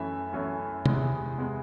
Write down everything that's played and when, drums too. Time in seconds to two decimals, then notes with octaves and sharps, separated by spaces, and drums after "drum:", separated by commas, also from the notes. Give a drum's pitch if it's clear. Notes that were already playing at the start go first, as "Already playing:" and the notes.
Already playing: F#2 E3 A3 C#4 E5
0.33 F#2 E3 A3 C#4
0.86 E2 C3 E3 G#3, drum: tom
1.38 E2 C3 E3 G#3